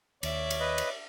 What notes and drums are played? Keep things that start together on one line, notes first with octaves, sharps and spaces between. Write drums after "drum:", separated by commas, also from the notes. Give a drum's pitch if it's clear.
D#2 C#5 D5 E5, drum: cymbal
drum: cymbal
B4 D#5
drum: cymbal